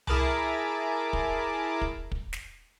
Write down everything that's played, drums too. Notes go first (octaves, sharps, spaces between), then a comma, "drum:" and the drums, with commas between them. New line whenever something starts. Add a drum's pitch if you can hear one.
E4 G#4 A#4 A5 B5 D6, drum: tom C2
drum: kick
drum: kick
drum: kick
drum: snare